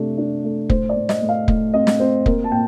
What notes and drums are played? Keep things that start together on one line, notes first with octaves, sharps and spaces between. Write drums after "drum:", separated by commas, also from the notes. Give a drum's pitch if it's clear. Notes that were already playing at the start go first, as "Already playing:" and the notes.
Already playing: C3 A3 D4
D4
A3
A2 C5, drum: kick
D5
A2
D#5, drum: snare
A2
F5
A2, drum: kick
C4 D#5
drum: snare
C4 C5
A#3, drum: kick
A5
A#2 G5